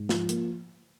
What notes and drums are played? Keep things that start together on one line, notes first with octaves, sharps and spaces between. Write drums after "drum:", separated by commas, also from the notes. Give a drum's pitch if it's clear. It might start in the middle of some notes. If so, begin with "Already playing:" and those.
Already playing: G#2
F3, drum: snare
A#3, drum: hi-hat